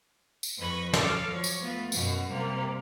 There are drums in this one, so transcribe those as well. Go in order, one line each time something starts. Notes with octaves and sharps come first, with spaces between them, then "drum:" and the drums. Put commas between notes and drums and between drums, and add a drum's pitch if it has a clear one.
drum: tambourine
F2 B4 B5 C#6 A#6
A4 C#5 D5 F5, drum: snare
F3 F#3 C#5
drum: tambourine
A3 B3 F4
F#2 B2 F#4, drum: tambourine
C3 G3 A#3